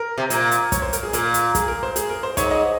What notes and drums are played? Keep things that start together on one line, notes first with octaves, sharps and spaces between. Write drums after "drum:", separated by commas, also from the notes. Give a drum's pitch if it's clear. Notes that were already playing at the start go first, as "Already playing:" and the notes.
Already playing: A#4
C3
A#2, drum: hi-hat
drum: hi-hat
C#5, drum: kick, hi-hat
C5
A#4, drum: hi-hat
G#4
A#2 A#4, drum: hi-hat
drum: hi-hat
G#4, drum: kick, hi-hat
A#4
C5
G#4, drum: hi-hat
A#4
C5
G#2 C#5, drum: kick, hi-hat
D#5